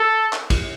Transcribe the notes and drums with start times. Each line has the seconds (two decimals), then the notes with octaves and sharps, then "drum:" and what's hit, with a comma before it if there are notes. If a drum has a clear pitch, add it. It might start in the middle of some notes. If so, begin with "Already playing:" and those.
Already playing: A4
0.33 drum: clap
0.50 drum: kick, cymbal